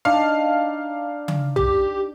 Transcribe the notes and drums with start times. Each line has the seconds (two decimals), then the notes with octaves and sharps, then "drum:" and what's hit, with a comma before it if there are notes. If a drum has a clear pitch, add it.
0.05 D4 D#4 F5
1.28 drum: tom C#3
1.56 G4, drum: tom